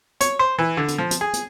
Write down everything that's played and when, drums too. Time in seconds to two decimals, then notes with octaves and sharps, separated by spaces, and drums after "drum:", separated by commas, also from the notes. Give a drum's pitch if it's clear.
0.21 C#5, drum: hi-hat
0.39 C5
0.58 E3
0.77 D3
0.88 drum: hi-hat
0.98 F3
1.11 drum: hi-hat
1.21 G#4
1.33 drum: hi-hat